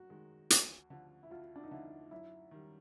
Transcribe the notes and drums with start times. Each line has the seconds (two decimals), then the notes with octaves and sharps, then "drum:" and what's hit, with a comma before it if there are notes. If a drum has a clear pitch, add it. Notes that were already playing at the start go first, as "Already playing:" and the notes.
Already playing: F#2 F#4
0.10 D#3 G#3
0.50 D2, drum: hi-hat
0.90 D3 F3
1.23 E4
1.31 D2 F4
1.56 D4
1.63 D#4
1.71 D3 F3 E4
2.11 F#2 E4
2.51 D#3 G3